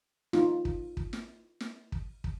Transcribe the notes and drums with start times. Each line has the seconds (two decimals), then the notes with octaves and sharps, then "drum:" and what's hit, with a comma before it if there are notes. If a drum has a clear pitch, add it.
0.33 D#4 F4, drum: snare
0.65 drum: kick
0.97 drum: kick
1.13 drum: snare
1.60 drum: snare
1.92 drum: kick
2.24 drum: kick